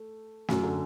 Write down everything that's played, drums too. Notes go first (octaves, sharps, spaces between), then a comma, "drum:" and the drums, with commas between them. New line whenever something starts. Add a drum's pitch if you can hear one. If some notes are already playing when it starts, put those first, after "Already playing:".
Already playing: A3
F#2 F#3, drum: snare
D3